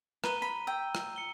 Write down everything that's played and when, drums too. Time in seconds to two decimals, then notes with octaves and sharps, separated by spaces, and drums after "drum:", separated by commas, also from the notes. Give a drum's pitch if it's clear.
0.24 B4 A#5 D#7 G7, drum: rim click
0.42 B5
0.67 G5 E6
0.95 drum: rim click
1.16 C#7 G7